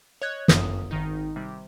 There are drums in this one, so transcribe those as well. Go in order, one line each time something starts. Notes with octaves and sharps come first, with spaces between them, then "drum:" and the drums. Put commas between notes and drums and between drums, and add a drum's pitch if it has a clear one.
C#5 D#5 F#6 G#6
G1 F#2 D#6, drum: snare
G#1 D#3 D#4
C3 G3